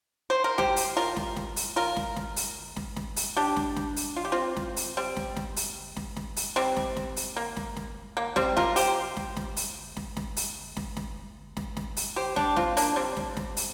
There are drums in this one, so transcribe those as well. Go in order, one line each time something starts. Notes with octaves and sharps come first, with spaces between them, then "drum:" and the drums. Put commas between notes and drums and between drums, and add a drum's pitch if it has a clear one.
C5
A#4
G4 C5, drum: snare
drum: open hi-hat
F4 A#4
drum: snare
drum: snare
drum: open hi-hat
F4 A#4
drum: snare
drum: snare
drum: open hi-hat
drum: snare
drum: snare
drum: open hi-hat
D4 G4
drum: snare
drum: snare
drum: open hi-hat
F4
G4
C4 F4
drum: snare
drum: open hi-hat
G3 C4
drum: snare
drum: snare
drum: open hi-hat
drum: snare
drum: snare
drum: open hi-hat
G3 C4
drum: snare
drum: snare
drum: open hi-hat
A#3
drum: snare
drum: snare
A#3
G3 C4, drum: snare
F4 A#4, drum: snare
G4 C5, drum: open hi-hat
drum: snare
drum: snare
drum: open hi-hat
drum: snare
drum: snare
drum: open hi-hat
drum: snare
drum: snare
drum: snare
drum: snare
drum: open hi-hat
G4 C5
D4 G4, drum: snare
C4 F4, drum: snare
A#3 D4, drum: open hi-hat
G3 C4
drum: snare
drum: snare
drum: open hi-hat